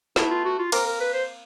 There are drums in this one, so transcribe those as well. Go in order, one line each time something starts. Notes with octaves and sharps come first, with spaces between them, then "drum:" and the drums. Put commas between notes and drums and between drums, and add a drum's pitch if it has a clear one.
A3 B3 E4, drum: snare
F4
F#4
F4
A#3 C4 A#4, drum: cymbal
A#4
B4
C5